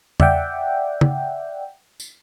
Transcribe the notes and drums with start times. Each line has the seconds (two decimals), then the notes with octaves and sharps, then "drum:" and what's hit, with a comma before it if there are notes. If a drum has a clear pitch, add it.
0.20 D5 E5 F#5 G5, drum: tom
1.01 drum: tom C#3
2.00 drum: tambourine